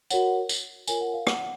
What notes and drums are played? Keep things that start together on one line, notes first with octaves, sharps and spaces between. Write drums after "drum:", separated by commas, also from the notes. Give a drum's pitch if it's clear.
F#4 A#4 C#5 F#5, drum: tambourine
drum: tambourine
F4 A#4 C#5 G#5, drum: tambourine
F#5
F5
F#5, drum: rim click